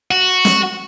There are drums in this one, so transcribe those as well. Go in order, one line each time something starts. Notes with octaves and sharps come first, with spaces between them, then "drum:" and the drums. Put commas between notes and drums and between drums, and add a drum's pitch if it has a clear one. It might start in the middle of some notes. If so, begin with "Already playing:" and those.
F#4
drum: snare